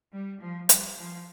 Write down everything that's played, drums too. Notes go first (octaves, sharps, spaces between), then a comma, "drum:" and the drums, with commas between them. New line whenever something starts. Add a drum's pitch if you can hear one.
G3
F3
G3, drum: hi-hat
F3